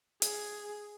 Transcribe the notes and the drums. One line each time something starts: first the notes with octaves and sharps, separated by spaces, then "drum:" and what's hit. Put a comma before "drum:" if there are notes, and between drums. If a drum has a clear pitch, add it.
G#4, drum: hi-hat